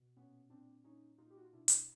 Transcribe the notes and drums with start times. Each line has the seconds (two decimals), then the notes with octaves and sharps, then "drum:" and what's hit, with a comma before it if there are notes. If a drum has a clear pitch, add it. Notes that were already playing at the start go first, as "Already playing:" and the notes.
Already playing: B2
0.17 A#2 B3 C#4
0.50 A#2 C4 D4
0.84 A#2 C#4 D#4
1.18 A#2 D#4 F4
1.30 G4
1.37 F#4
1.45 F4
1.53 B2 D4 E4
1.68 drum: hi-hat